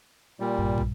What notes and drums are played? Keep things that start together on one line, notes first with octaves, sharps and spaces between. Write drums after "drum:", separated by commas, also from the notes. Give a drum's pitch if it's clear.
A#2 G3
A#1 G2
drum: kick